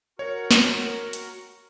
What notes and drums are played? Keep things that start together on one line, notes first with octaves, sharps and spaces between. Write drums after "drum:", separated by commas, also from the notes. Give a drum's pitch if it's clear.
F#4 A#4 C#5
drum: snare
drum: hi-hat